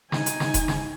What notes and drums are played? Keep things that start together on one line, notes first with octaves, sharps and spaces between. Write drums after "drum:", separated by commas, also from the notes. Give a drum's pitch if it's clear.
D#4 G#5, drum: snare
drum: hi-hat
drum: snare
drum: kick E1, hi-hat
drum: snare